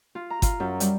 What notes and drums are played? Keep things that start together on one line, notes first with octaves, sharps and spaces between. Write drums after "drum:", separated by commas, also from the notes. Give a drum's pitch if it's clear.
F4
A#5
F4, drum: kick G1, hi-hat
F#2
G3, drum: hi-hat